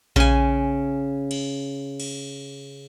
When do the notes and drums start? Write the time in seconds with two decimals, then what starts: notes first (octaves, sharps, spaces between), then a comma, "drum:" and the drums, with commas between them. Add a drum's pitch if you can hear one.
0.16 C#3 G#5, drum: kick A#1
1.31 drum: cymbal
2.00 drum: cymbal